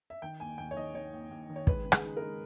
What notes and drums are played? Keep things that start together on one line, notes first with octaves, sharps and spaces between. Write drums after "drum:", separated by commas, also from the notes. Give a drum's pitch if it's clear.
E5
D#3 G5
D#2 G#5
D#2 G5
C#5
D#3 D#5
D#3 C#5
D#2
D#2
D#3
C#5
G#3 B4, drum: kick
C#3
G#4, drum: rim click
D#4
A#4
G#3